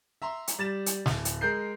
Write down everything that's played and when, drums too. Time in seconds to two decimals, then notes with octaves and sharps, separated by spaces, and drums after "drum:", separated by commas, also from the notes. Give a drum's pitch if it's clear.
0.22 E5 A#5 C6
0.48 drum: hi-hat
0.59 G3 A6 E7
0.86 drum: hi-hat
1.06 D1, drum: snare
1.25 drum: hi-hat
1.41 G#3 A#4 G6 C7